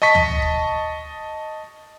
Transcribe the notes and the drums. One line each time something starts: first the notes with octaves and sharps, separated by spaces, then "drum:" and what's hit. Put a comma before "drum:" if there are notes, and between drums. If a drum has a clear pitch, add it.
D#5 A5 C#6 B6
drum: tom
drum: kick